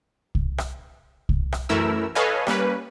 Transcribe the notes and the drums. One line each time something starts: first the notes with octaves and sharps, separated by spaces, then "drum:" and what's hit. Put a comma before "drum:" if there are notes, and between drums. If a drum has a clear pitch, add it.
drum: kick C2
drum: rim click
drum: kick C2
drum: rim click
F#2 E3 A3 E4 A#4 E6
A4 B4 C#5 D#5 F5 G#5
G3 A#3 C#4 B4, drum: rim click